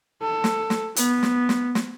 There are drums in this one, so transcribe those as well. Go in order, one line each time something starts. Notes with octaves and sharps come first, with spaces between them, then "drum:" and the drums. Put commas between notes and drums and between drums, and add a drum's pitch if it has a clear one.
A4
drum: snare
drum: snare
B3, drum: hi-hat
drum: snare
drum: snare
drum: snare